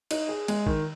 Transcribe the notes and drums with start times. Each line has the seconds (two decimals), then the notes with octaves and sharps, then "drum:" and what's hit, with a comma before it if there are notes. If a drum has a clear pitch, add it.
0.11 D#4, drum: cymbal
0.29 G#4
0.48 G#3, drum: cymbal
0.66 D#3, drum: kick